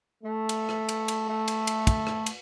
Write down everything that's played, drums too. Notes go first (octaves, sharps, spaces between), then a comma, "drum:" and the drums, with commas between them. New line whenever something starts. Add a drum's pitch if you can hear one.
A3
drum: cymbal
drum: rim click
drum: cymbal
drum: cymbal
A3
drum: cymbal
drum: cymbal
drum: kick, cymbal
drum: rim click
drum: cymbal